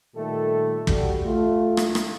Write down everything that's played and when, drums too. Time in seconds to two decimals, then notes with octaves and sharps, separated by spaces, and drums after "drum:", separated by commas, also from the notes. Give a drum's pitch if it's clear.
0.15 A#2 D#3 G3 A3 G4 A4
0.87 G3 F#4 A4, drum: kick
1.24 A3 F4
1.77 drum: rim click
1.95 drum: rim click